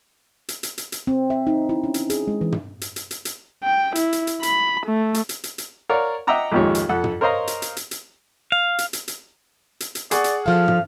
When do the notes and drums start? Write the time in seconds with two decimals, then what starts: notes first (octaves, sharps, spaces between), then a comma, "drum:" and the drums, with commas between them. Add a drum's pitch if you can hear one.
0.48 drum: hi-hat
0.63 drum: hi-hat
0.78 drum: hi-hat
0.92 drum: hi-hat
1.07 C4
1.30 E5
1.47 D#4
1.69 E4
1.84 C#4
1.94 drum: hi-hat
2.10 G#4, drum: hi-hat
2.28 G#3
2.41 E3
2.52 drum: tom
2.81 drum: hi-hat
2.96 drum: hi-hat
3.11 drum: hi-hat
3.25 drum: hi-hat
3.64 G5
3.95 E4, drum: hi-hat
4.13 drum: hi-hat
4.27 drum: hi-hat
4.43 B5, drum: hi-hat
4.86 A3
5.14 drum: hi-hat
5.29 drum: hi-hat
5.44 drum: hi-hat
5.58 drum: hi-hat
5.89 A#4 C#5 D5 F5 F#5
6.27 D#5 E5 F#5 G5 A#5 D6
6.52 A#1 F2 G#2 D#3 G4 C#5
6.75 drum: hi-hat
6.89 F2 A4 F#5
7.04 drum: tom
7.21 A#4 C5 C#5 D#5 F5 A#5
7.47 drum: hi-hat
7.62 drum: hi-hat
7.77 drum: hi-hat
7.91 drum: hi-hat
8.52 F5
8.78 drum: hi-hat
8.93 drum: hi-hat
9.08 drum: hi-hat
9.80 drum: hi-hat
9.95 drum: hi-hat
10.11 G#4 D5 F#5 C#6, drum: hi-hat
10.24 drum: hi-hat
10.46 F3 A4 F5 F6
10.68 drum: tom